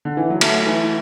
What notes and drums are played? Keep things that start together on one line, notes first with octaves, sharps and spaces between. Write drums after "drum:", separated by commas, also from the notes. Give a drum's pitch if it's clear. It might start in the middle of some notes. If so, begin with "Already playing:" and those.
D3
E3
F#3
A3, drum: cymbal
E3